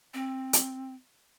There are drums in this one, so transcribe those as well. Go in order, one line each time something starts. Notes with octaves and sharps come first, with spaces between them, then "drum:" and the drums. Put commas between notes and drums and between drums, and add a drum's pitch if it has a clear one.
C4
drum: hi-hat